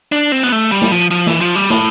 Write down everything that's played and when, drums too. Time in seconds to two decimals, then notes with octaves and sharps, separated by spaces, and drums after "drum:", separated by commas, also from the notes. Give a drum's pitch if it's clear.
0.12 D4
0.32 C4
0.43 B3
0.52 A3
0.72 G3
0.82 drum: snare
0.92 F3
1.11 F3
1.27 E3, drum: snare
1.41 F3
1.56 G3
1.70 A2, drum: snare